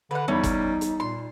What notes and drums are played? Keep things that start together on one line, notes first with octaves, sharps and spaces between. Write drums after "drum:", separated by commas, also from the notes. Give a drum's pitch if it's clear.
D3 B4 F#5
E2 G3 C#4 D#4 B5
drum: kick, hi-hat
drum: hi-hat
A#2 C6